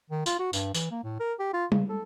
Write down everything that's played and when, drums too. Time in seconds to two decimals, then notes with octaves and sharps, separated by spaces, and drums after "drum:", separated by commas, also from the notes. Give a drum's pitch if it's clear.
0.10 D#3
0.26 F4, drum: tambourine
0.39 F#4
0.53 G2, drum: tambourine
0.74 E3, drum: tambourine
0.91 A#3
1.04 A2
1.20 A#4
1.39 G4
1.53 F4
1.72 C#3, drum: tom G3
1.89 A4